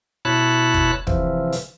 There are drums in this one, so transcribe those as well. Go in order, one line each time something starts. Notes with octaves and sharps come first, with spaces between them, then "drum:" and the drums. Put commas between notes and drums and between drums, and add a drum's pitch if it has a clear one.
B2 E4 C#5 A5 B5 F#6
drum: kick
C3 E3 F3, drum: kick
drum: hi-hat